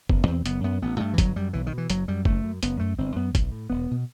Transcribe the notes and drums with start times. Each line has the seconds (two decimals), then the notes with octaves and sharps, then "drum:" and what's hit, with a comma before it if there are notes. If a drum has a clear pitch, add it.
0.09 F#1 B3, drum: kick G1
0.27 E2 B2 C4
0.46 F#1 B3, drum: hi-hat
0.64 F#2 B3
0.82 A1 B3
1.00 G2 A3
1.14 E3
1.18 G1 F#3, drum: kick G1, hi-hat
1.36 F#2 G3
1.53 B1 E3
1.67 D#3
1.73 B2
1.78 E3
1.90 F#1 F#3, drum: hi-hat
2.08 F#2 G3
2.25 F#1 A3, drum: kick G1
2.44 F#2
2.63 F#1 B3, drum: hi-hat
2.79 F#2 A3
2.98 G1 C4
3.16 F#2 B3
3.35 B1, drum: kick G1, hi-hat
3.52 A2
3.70 E1 B3
3.91 B2